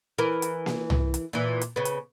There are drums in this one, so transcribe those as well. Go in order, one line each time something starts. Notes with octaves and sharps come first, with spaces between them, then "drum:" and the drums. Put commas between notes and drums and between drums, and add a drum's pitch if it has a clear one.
E3 A#4
drum: hi-hat
drum: snare A#3
drum: tom C2
drum: hi-hat
A#2 E3
drum: hi-hat
C#3 B3
drum: hi-hat